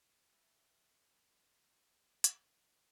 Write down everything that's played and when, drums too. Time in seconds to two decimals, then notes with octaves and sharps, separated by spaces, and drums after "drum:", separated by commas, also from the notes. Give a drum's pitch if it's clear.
0.29 E4 C#5 D5
2.24 drum: hi-hat